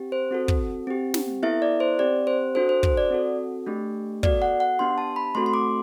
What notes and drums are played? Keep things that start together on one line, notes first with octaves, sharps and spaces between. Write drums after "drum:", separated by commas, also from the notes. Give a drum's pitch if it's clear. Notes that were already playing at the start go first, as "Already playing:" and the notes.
Already playing: C4 G4
C5
C4 F#4 A4
drum: kick
C4 G4
drum: snare
B3 E4 A4 E5
D5
C5
C4 G4 D5
C5
D4 F#4 A4 C5
C5
C5, drum: kick
D5
C4 F#4 A4
A3 D4 G4
B3 F#4 A4 D5, drum: kick
F#5
F#5
B3 D4 G4 C6
A5
B5
A3 C4 F#4 A4 C6
C6
D6